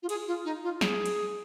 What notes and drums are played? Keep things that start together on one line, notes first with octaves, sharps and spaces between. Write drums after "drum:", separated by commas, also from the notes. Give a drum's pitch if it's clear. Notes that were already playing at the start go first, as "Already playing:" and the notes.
F4
G#4, drum: cymbal
F4
D#4
F4
G#4, drum: snare
drum: cymbal